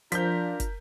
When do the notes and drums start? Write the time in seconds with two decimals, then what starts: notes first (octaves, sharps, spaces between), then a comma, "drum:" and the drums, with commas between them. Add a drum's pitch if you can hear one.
0.12 F3 D4 F4 A#4 G6 B6, drum: hi-hat
0.60 drum: kick, hi-hat